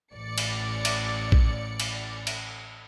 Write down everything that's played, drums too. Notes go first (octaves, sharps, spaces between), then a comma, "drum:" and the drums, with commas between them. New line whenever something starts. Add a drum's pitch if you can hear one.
A1 D5 C#7
drum: cymbal
drum: cymbal
drum: kick A#1
drum: cymbal
drum: cymbal